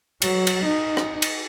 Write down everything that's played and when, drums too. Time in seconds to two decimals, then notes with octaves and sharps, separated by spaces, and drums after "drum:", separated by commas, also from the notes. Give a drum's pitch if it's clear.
0.22 F#3, drum: cymbal
0.47 drum: cymbal
0.65 D#4
0.97 drum: rim click
1.22 drum: cymbal